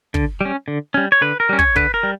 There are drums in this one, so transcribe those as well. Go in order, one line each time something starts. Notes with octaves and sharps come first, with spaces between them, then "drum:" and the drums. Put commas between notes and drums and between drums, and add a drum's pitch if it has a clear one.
D3, drum: kick
G3 C#4
D3
G3 C#4
C#5
D3 B4
A#4
G3 C#4
C#5, drum: kick
D3 B4, drum: kick
A#4
G3